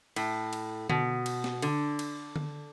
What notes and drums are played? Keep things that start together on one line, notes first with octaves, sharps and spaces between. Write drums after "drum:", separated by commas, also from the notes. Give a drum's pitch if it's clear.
A2, drum: cymbal
drum: cymbal
B2, drum: tom D3
drum: cymbal
drum: snare
D3, drum: cymbal
drum: cymbal
drum: tom D3